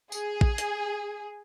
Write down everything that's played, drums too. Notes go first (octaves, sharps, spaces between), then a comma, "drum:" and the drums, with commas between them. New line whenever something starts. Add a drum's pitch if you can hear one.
G#4, drum: tambourine
drum: kick A#1
drum: hi-hat